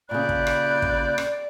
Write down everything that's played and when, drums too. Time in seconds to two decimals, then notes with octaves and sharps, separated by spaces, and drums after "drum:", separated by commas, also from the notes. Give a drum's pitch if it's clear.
0.11 A#2 C#3 D5 B5 F#6 G6
0.29 drum: kick
0.47 drum: rim click
0.82 drum: kick
1.18 drum: rim click